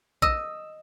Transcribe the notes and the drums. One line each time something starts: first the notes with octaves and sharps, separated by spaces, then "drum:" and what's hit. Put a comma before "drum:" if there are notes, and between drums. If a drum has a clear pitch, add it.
D#5 E6, drum: kick A#1